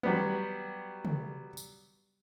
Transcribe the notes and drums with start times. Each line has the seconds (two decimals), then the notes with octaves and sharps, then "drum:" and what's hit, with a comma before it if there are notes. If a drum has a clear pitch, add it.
0.03 F#3 G3 B3, drum: tom
1.05 drum: tom
1.57 drum: tambourine